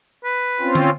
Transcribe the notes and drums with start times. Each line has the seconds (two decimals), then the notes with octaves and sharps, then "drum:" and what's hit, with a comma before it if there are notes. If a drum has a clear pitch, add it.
0.24 B4
0.60 C4 C#4 F4
0.75 drum: tom D3